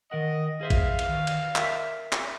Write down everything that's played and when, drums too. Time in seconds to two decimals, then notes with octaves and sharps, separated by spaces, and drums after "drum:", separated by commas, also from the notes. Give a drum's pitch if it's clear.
0.11 D#3 A#4 D#5 F#5
0.61 G#4 C5 E5 F5
0.70 drum: kick, cymbal
0.99 drum: cymbal
1.09 D#3
1.27 drum: cymbal
1.56 A#4 E5, drum: clap
2.12 drum: clap